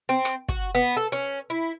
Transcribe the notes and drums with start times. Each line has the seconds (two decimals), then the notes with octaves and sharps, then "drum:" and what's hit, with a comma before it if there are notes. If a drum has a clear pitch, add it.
0.09 C4
0.25 drum: rim click
0.49 F#4, drum: kick
0.75 B3
0.97 A4
1.12 C#4
1.50 E4